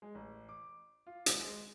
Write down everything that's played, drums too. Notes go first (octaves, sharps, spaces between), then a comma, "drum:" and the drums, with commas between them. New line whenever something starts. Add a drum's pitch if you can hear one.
G#3
A1
D6
F4
G#1, drum: hi-hat
G#3